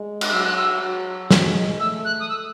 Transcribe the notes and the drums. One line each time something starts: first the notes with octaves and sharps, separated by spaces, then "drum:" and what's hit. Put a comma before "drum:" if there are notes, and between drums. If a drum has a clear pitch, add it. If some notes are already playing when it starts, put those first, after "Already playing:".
Already playing: G#3
drum: cymbal
F#3 E6
F#6
E6
F#3
G#3, drum: snare
A3 E6
F#6
D#6
E6